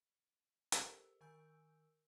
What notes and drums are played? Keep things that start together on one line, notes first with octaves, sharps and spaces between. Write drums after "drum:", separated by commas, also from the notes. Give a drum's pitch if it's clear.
G4 A4 A#4 C5 D#5 E6, drum: hi-hat
D#3 A#4 G#5 E6 G6 D7